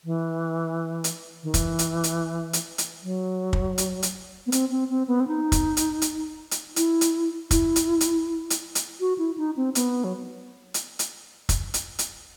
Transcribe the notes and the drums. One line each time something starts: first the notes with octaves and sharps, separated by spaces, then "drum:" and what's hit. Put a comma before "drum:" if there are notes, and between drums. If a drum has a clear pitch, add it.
E3
drum: hi-hat
D#3
E3, drum: kick, hi-hat
drum: hi-hat
drum: hi-hat
drum: hi-hat
drum: hi-hat
F#3
drum: kick
drum: hi-hat
drum: hi-hat
B3
C4, drum: hi-hat
C4
C4
B3
C4
D#4
drum: kick, hi-hat
drum: hi-hat
drum: hi-hat
drum: hi-hat
E4, drum: hi-hat
drum: hi-hat
E4, drum: kick, hi-hat
drum: hi-hat
drum: hi-hat
drum: hi-hat
drum: hi-hat
F#4
E4
D#4
C4
B3, drum: hi-hat
F#3
drum: hi-hat
drum: hi-hat
drum: kick, hi-hat
drum: hi-hat
drum: hi-hat